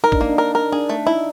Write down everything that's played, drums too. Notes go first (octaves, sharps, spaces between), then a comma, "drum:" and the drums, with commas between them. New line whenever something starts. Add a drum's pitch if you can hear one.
D#4 A#4
D4, drum: kick
A#3 D#4
D4
A#4
A#4
D4 G#4
A3
D#4 E4